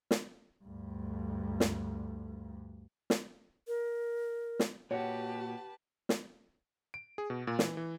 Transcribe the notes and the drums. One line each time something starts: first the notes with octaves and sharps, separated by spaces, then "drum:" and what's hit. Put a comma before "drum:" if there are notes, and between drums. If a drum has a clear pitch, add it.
drum: snare
D2 G2
drum: snare
drum: snare
A#4
drum: snare
A#2 F#4 G4 B4 C#5 F#5 A5
drum: snare
D7
G#4
B2
A#2
E3, drum: snare
E3